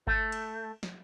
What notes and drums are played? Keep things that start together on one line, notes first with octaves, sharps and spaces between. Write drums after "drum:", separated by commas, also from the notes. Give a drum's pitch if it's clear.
A3, drum: kick G1
drum: cymbal
drum: snare